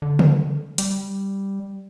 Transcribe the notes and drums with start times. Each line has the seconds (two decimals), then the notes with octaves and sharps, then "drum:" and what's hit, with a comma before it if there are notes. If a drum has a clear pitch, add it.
0.02 D3
0.19 drum: tom C#3
0.78 G3, drum: hi-hat